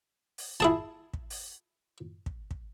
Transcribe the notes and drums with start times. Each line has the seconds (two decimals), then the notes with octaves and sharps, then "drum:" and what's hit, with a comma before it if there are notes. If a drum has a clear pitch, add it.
0.38 drum: open hi-hat
0.60 E4 G#4 A5
1.14 drum: kick
1.30 drum: open hi-hat
2.26 drum: kick
2.51 drum: kick